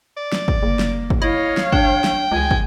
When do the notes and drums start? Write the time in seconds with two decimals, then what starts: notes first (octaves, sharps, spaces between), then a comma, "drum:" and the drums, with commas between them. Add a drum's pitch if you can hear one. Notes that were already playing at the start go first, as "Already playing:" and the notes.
0.17 D5
0.32 drum: snare
0.48 drum: kick
0.63 F#1 A#3
0.79 drum: snare
1.10 drum: kick
1.22 E4 C#5 D#5 F5
1.57 drum: snare
1.73 D4 G5, drum: kick
2.04 drum: snare
2.31 C#2 G#3 G#5
2.51 drum: kick